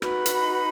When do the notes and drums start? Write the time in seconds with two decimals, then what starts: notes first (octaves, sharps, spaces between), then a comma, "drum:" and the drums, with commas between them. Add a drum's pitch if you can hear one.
0.02 D#4 F#4 B4 B5, drum: rim click
0.26 drum: hi-hat